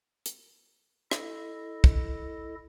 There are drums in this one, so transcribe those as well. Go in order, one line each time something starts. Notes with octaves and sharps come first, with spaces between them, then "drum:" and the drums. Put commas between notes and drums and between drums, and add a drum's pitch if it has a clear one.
drum: hi-hat
E4 A4 D#5, drum: rim click
drum: kick